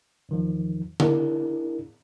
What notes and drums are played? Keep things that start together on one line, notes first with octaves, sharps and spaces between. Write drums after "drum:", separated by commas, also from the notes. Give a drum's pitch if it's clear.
E2 D#3 F3
D4 E4 G#4 A#4, drum: tom D3